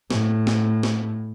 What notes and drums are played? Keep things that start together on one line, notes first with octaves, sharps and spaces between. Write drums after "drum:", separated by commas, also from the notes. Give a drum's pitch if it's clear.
A2, drum: snare
drum: snare
drum: snare